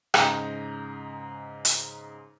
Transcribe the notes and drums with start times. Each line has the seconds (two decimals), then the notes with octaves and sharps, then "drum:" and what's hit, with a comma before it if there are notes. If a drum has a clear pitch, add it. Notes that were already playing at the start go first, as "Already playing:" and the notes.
0.14 G#2 C#3 D#5 A#5 G6 A#6, drum: rim click
1.65 drum: hi-hat